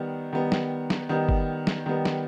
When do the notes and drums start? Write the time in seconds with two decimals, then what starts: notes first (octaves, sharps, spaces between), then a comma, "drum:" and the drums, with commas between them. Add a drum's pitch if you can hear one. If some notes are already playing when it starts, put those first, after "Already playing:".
Already playing: D#3 G3 B3
0.33 D#3 G3 B3
0.52 drum: snare
0.90 drum: snare
1.09 D#3 G3 B3
1.29 drum: kick G1
1.67 drum: snare
1.86 D#3 G3 B3
2.05 drum: snare